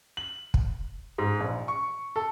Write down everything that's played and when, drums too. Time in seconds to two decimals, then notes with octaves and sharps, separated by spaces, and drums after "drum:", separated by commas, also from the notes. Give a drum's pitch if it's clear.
0.17 F#7
0.54 drum: kick
1.18 G#2
1.40 A#1
1.68 C#6
2.16 A4